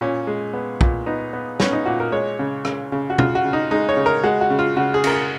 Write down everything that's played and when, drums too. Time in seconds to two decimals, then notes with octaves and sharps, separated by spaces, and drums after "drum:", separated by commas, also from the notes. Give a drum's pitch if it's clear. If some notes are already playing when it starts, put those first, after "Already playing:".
0.01 A#2 C#4
0.27 G#3
0.54 B3
0.81 A#2, drum: kick
1.06 B3 D#4
1.33 B3
1.60 B3 C#4, drum: snare
1.72 D#4
1.86 A#2 F#4
2.00 A#4
2.12 G#3 C#5
2.39 C#3
2.65 C#3, drum: rim click
2.92 C#3
3.10 F#4
3.18 C#3 F4, drum: tom B2
3.35 F#4
3.45 C#3
3.53 D#4
3.71 G#3 D#4
3.89 C#5
3.97 C#3
4.06 A#4
4.23 G#3 F#4
4.41 F#4
4.50 C#3
4.59 F4
4.76 C#3 F#4
4.94 G#4
5.04 C#3 A#4, drum: cymbal
5.11 G#4